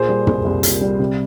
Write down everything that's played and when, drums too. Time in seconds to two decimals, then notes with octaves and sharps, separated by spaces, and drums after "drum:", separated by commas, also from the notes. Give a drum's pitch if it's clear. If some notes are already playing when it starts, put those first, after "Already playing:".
Already playing: A#2 G#4 C5
0.09 G3
0.27 C2, drum: tom
0.45 C2
0.63 A#2, drum: hi-hat
0.81 G3
0.99 C3